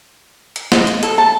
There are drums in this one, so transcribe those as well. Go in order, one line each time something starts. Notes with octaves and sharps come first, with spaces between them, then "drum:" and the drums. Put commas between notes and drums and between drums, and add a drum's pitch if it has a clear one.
drum: hi-hat
D#5, drum: snare
drum: hi-hat
A4, drum: hi-hat
A5